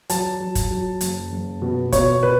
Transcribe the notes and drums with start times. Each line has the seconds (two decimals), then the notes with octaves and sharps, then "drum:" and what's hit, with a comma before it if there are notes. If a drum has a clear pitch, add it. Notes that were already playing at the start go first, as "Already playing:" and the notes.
0.09 F#3 A5, drum: hi-hat
0.40 F#3
0.55 drum: kick F#1, hi-hat
0.71 F#3
1.01 F#1, drum: hi-hat
1.32 F#1
1.62 B2
1.92 B2 C#5, drum: kick F#1, hi-hat
2.23 B4